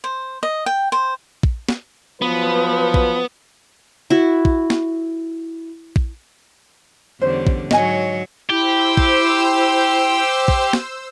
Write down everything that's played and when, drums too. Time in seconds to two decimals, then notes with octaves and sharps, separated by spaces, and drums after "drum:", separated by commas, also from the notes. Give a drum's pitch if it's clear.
0.04 C5
0.43 D#5
0.66 G5
0.92 C5
1.43 drum: kick
1.69 drum: snare
2.22 F3 F#3 B3 B4
2.94 drum: kick
4.10 E4 F#4
4.45 drum: kick
4.70 drum: snare
5.96 drum: kick
7.21 E2 D3 G3 C#4 C5
7.47 drum: kick
7.71 G#2 F#3 C#5 D#5 G#5, drum: snare
8.50 E4 G4 C5 E6
8.97 drum: kick
10.48 drum: kick
10.73 drum: snare